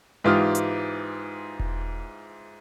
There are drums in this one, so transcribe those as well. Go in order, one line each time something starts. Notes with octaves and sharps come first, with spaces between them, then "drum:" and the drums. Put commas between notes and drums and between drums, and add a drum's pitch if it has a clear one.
G#2 E3 F4 G4 D#6 F6
drum: hi-hat
drum: kick E1